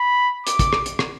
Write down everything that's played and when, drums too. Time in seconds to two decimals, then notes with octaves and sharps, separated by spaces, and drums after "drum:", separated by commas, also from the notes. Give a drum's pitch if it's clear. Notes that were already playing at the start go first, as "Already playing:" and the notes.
Already playing: B5
0.47 D6, drum: hi-hat
0.59 drum: kick, hi-hat
0.73 drum: rim click
0.86 drum: hi-hat
0.99 drum: rim click